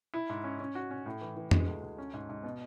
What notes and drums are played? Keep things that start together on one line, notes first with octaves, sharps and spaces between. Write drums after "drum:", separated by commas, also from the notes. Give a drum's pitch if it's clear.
E4
G#2
C#4
C#4
F#4
C#4
A2
E3
E3
G#3, drum: tom F2
D2
D2
C#4
G#2
G#2
B2